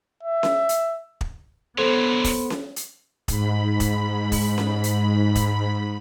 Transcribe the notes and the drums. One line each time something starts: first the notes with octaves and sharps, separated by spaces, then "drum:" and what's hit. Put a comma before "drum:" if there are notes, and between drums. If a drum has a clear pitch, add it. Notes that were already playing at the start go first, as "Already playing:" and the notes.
E5
drum: snare C#4
drum: hi-hat
drum: kick
D3 F#3 B3 A4 C5 C6
drum: kick, open hi-hat
drum: snare C#4
drum: hi-hat
G#2 B5, drum: kick, hi-hat
drum: kick, hi-hat
drum: kick, open hi-hat
drum: snare C#4
drum: hi-hat
drum: kick, hi-hat